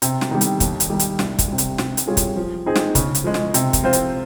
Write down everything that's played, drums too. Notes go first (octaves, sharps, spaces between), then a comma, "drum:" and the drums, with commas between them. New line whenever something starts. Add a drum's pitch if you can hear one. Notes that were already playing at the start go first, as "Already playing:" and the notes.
C3, drum: hi-hat
drum: snare
D#3 G3
drum: hi-hat
D#2, drum: kick, hi-hat
drum: hi-hat
D#3 G3
drum: hi-hat
C2, drum: snare
drum: kick, hi-hat
C3 G3
drum: hi-hat
C3, drum: snare
drum: hi-hat
G3 C#4 F4 G#4
drum: kick, hi-hat
F3
C4 D#4 G#4
drum: snare
C#3, drum: kick, hi-hat
drum: hi-hat
F3 G#3
drum: snare
C3, drum: hi-hat
drum: kick, hi-hat
F3 C4 F4 C5
drum: hi-hat